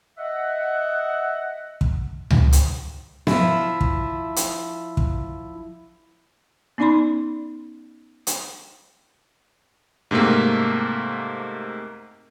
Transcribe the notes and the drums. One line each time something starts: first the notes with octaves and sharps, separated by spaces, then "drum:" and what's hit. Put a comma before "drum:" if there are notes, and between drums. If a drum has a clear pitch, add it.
D#5 E5 F#5
drum: kick
drum: tom C#2
drum: hi-hat
F3 E4, drum: snare B3
drum: kick
drum: hi-hat
drum: kick
B3 C#4 D#4 D5 B5 C6
drum: hi-hat
G#2 C3 A3 A#3